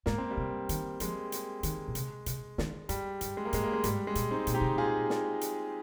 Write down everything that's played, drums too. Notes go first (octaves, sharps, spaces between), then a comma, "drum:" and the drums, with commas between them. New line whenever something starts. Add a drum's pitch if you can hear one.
G#2 A#3, drum: snare
C4
G3 A#3
C3
D#3, drum: hi-hat
F3 G#3, drum: hi-hat
drum: hi-hat
D#3, drum: hi-hat
A#2
C3, drum: hi-hat
C3, drum: hi-hat
D#3, drum: snare
G2 G3, drum: hi-hat
G2, drum: hi-hat
G#3
A#3
G#2 G#3, drum: hi-hat
A#3
G#3
G#2 G3, drum: hi-hat
G#3
A#2, drum: hi-hat
C4 D#4
A#2, drum: hi-hat
D#4 G4
C3
A#2 F4 G#4
drum: snare
drum: hi-hat